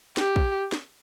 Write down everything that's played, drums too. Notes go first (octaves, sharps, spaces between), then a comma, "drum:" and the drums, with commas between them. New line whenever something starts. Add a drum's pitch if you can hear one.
G4, drum: snare
drum: kick
drum: snare